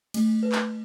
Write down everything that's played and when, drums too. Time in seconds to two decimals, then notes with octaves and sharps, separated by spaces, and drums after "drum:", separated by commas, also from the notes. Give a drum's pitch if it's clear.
0.14 A3, drum: cymbal
0.43 B4
0.52 drum: clap